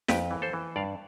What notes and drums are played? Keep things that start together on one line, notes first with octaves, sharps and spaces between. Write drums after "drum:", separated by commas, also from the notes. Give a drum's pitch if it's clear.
F2 G4 B4, drum: snare
E3
A4 C5
E3
G2 D5 F5